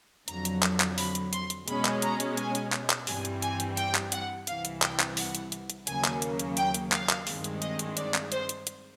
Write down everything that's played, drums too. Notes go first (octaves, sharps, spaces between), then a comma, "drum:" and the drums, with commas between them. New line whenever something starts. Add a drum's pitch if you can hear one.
F2 D3 F#3 A#5, drum: hi-hat
drum: hi-hat
drum: clap
drum: clap
B5, drum: open hi-hat
drum: hi-hat
C6, drum: hi-hat
drum: hi-hat
B2 G#3 C#4 B5, drum: hi-hat
drum: clap
A#5, drum: hi-hat
drum: hi-hat
G#5, drum: hi-hat
drum: hi-hat
drum: clap
drum: clap
G2 E3 G3 C4 G#5, drum: open hi-hat
drum: hi-hat
G#5, drum: hi-hat
drum: hi-hat
G5, drum: hi-hat
drum: clap
F#5, drum: hi-hat
C2 C3 E3 F5, drum: hi-hat
drum: hi-hat
G5, drum: clap
drum: clap
F#5, drum: open hi-hat
drum: hi-hat
drum: hi-hat
drum: hi-hat
D#2 C#3 F#3 A#3 G#5, drum: hi-hat
drum: clap
drum: hi-hat
drum: hi-hat
G5, drum: hi-hat
drum: hi-hat
F5, drum: clap
drum: clap
G2 D#3 G#3 C4, drum: open hi-hat
drum: hi-hat
D#5, drum: hi-hat
drum: hi-hat
D5, drum: hi-hat
drum: clap
C5, drum: hi-hat
drum: hi-hat
drum: hi-hat